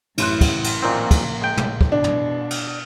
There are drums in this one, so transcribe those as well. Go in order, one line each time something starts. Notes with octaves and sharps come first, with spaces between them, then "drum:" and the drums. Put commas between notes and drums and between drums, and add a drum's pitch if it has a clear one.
A1 F#2 E4 C6 F#6, drum: cymbal
drum: kick, cymbal
drum: cymbal
A#2 D#3 F3 A#3 C4
drum: kick, cymbal
G#3 G5
drum: tom
drum: kick
B2 D4
drum: tom
drum: cymbal